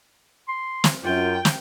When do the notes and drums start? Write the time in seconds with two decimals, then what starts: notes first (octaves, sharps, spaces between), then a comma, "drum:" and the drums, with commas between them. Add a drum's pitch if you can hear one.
0.48 C6
0.84 drum: snare
1.04 F#2 F4 G5
1.45 drum: snare